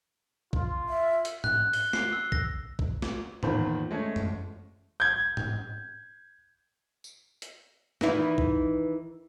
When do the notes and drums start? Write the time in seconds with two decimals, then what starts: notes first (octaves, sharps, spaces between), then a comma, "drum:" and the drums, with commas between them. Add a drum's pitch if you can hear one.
0.53 F4, drum: kick A#1
0.89 E5
1.25 drum: hi-hat
1.44 F#6, drum: tom G#2
1.73 G7, drum: open hi-hat
1.93 C7, drum: snare
2.13 E6
2.32 A#6, drum: kick A#1
2.79 drum: kick A#1
3.02 drum: snare
3.43 E2 A#2 D#3 A#3 C5 B5, drum: tom G#2
3.91 G#3 A3 C#4 C#5
4.16 drum: tom F#2
5.00 G6 G#6
5.37 drum: tom G#2
7.04 drum: tambourine
7.42 drum: hi-hat
8.01 D#3 E3 E4, drum: snare
8.38 drum: kick A#1